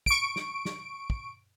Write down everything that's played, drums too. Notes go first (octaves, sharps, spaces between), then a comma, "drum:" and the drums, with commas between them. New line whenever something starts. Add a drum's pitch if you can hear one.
C#6 D7, drum: kick
drum: snare
drum: snare
drum: kick